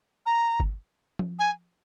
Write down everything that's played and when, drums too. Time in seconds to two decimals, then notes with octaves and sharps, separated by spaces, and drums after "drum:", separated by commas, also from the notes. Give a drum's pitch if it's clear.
0.26 A#5
0.60 drum: kick G1
1.19 drum: tom F3
1.39 G#5